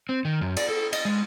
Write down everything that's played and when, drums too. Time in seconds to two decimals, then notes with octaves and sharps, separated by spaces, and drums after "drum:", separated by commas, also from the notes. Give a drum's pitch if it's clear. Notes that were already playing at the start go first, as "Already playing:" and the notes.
0.09 C4
0.25 D#3
0.41 F#2
0.57 D5, drum: cymbal
0.69 A4
0.93 D#5, drum: cymbal
1.05 G#3